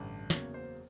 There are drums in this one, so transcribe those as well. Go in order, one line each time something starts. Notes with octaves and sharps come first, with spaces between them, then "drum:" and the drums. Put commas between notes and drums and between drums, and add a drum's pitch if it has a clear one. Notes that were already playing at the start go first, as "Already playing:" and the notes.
Already playing: A1 G2 D3
F#1 E2 C#3 F#3 A#3 C#5, drum: snare
C5